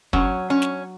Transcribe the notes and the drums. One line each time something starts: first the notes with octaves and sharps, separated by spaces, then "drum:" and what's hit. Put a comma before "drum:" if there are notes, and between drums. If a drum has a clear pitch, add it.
F#3 C#4, drum: kick
C#4
drum: snare